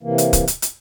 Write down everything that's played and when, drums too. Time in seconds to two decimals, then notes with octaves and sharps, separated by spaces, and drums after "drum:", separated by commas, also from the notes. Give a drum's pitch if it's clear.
0.03 C3 E3 A#3
0.18 drum: hi-hat
0.33 drum: kick, hi-hat
0.47 drum: hi-hat
0.62 drum: hi-hat